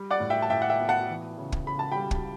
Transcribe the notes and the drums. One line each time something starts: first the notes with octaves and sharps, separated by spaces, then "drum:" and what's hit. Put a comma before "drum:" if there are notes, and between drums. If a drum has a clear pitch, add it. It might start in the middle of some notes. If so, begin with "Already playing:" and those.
Already playing: G3
D5 F#5
A2
E5 G5
A5
A2 E5 G5
F#5
E5 G5
B3
F#5 A5
E3
C#3
drum: kick
C#3 B5
A5
G3 G5 B5
drum: kick